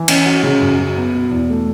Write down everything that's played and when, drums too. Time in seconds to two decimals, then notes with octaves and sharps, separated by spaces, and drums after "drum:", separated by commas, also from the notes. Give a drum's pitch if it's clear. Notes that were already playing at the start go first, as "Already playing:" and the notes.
Already playing: E3
0.08 C#4, drum: cymbal
0.26 F#4
0.43 C#3
0.62 F#2
0.78 F#3
0.96 B3
1.14 B2
1.31 E2
1.50 A3